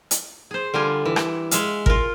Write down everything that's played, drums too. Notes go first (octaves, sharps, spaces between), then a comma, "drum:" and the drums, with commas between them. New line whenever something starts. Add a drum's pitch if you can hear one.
drum: hi-hat
G#4 C5
D3 G3 F4 G#5
E3
drum: rim click
G#3 E5 F5, drum: hi-hat
F4 A#4, drum: kick